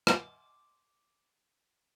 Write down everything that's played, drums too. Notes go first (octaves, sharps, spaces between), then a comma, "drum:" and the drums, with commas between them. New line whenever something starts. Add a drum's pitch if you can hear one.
C6 D6, drum: rim click